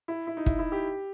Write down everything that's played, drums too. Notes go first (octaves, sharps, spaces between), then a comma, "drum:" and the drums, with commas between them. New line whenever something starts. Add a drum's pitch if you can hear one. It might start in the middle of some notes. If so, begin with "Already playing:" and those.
E4
E4
D#4
E4, drum: kick
E4
G4